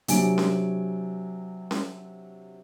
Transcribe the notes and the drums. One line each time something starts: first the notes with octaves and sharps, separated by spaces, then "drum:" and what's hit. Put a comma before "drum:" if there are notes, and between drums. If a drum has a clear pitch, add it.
C3 F#3 D4 G#5 D7, drum: hi-hat
drum: snare C#4
drum: snare C#4